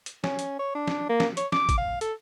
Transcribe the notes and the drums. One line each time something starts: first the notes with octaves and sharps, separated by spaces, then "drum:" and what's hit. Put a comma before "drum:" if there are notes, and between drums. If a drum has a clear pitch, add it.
drum: hi-hat
C#4, drum: snare
drum: hi-hat
C#5
D4
drum: snare
A#3
drum: snare
C#5, drum: hi-hat
D6, drum: snare
drum: kick, hi-hat
F5
A4, drum: hi-hat